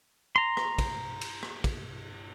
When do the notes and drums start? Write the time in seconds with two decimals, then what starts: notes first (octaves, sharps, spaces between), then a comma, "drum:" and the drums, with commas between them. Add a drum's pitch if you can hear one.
0.36 A#5 C6
0.57 drum: rim click
0.78 drum: kick, cymbal
1.21 drum: cymbal
1.43 drum: rim click
1.64 drum: kick, cymbal